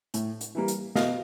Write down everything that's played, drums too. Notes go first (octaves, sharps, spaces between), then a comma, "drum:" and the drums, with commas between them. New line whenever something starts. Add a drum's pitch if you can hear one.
A2, drum: hi-hat
drum: hi-hat
E3 G3 A#3
drum: hi-hat
B2 D#5 F5, drum: snare